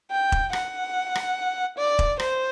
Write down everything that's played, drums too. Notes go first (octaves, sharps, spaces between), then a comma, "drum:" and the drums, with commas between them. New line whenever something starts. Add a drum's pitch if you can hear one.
G5
drum: kick E1
F#5, drum: rim click
drum: rim click
D5
drum: kick E1
C5, drum: rim click